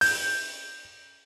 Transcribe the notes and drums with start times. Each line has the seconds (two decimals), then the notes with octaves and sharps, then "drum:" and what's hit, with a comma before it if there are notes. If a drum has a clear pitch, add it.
0.01 G6, drum: open hi-hat